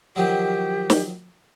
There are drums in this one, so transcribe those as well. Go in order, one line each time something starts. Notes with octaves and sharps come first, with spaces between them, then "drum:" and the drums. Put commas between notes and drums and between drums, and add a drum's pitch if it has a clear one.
D#3 F3 F#3 G4
drum: snare